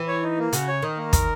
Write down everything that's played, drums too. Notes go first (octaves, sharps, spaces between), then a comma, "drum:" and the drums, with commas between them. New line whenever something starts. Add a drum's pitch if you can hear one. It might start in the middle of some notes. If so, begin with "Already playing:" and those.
Already playing: E3
C#5
D#4
A#3
C#3 F#4, drum: hi-hat
C#5
D#3 D#4
A#3
A#4, drum: kick, hi-hat